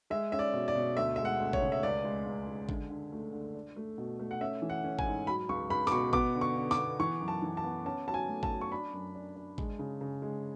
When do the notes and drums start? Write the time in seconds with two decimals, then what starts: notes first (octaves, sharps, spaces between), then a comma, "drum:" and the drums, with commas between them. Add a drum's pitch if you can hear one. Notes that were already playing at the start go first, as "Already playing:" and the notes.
0.10 G#3 E5
0.32 C#4 E5
0.39 D5
0.54 B2
0.68 D5
0.75 B2
0.96 D2 E5
1.16 G#3 E5
1.25 F#5
1.40 D2
1.53 C#5, drum: kick
1.62 C#3
1.72 E5
1.83 C#2 D5
2.04 G#3
2.26 C#2
2.47 G#3
2.69 D3, drum: kick
2.90 D3
3.12 A3
3.33 D3
3.55 D4
3.76 A3
3.98 B2
4.19 A3
4.31 F#5
4.41 C#4 E5
4.62 E3
4.70 F#5
4.84 C#4
4.99 G#5, drum: kick
5.06 G#2
5.27 F#3 B5
5.49 C#2 C#6
5.70 C#2 B5
5.87 D6, drum: snare
5.92 B2 C#6
6.13 B3 D6, drum: kick
6.35 D3
6.41 C#6
6.57 D3
6.71 D6, drum: snare
6.78 B3
6.99 E3 C#6
7.21 F#2
7.28 A5
7.42 E3
7.57 A5
7.64 B3
7.85 C#4 A5
8.07 F#3 A5
8.14 G#5
8.28 A3
8.43 A5, drum: kick
8.51 F#3
8.61 C#6
8.71 D4 B5
8.93 F#2
9.15 D4
9.36 D4
9.58 G#3, drum: kick
9.79 C#3
10.01 C#3
10.22 G#3